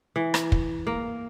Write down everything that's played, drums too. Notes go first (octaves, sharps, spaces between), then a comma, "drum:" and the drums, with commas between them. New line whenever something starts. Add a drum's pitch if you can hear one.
E3
drum: rim click
drum: kick
A#3